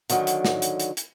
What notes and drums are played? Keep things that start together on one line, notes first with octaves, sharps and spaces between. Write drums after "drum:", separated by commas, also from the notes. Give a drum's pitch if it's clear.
D3 D#3 F#3, drum: hi-hat
drum: hi-hat
drum: snare
drum: hi-hat
drum: hi-hat
drum: hi-hat